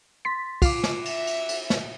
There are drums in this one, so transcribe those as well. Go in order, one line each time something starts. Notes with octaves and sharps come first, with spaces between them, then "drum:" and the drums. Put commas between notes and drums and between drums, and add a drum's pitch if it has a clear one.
C6 A6 B6
F4 D6 C7, drum: kick, cymbal
drum: snare
E5, drum: cymbal
drum: cymbal
drum: cymbal
drum: snare